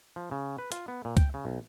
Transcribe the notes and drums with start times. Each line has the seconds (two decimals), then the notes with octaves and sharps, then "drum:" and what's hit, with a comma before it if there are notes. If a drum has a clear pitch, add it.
0.16 F3
0.31 C#3
0.58 B4
0.72 F4, drum: hi-hat
0.88 B3
1.05 A#2
1.17 G5, drum: kick C#2, hi-hat
1.34 C#3
1.45 B1